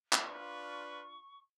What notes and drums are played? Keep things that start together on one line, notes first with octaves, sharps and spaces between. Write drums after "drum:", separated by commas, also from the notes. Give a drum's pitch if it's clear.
drum: clap
D4 F4 B4 C#6